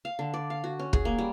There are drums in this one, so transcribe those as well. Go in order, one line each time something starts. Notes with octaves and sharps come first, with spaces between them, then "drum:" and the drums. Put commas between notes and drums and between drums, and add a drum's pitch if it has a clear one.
F5
D3
D5
F5
F#4
C#4
G#4, drum: kick
A#3
G3